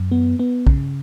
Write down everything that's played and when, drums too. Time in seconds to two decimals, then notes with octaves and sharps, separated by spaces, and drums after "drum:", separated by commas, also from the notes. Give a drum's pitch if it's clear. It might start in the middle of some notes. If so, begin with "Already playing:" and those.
Already playing: F#2
0.11 B3
0.39 B3
0.67 C#3, drum: kick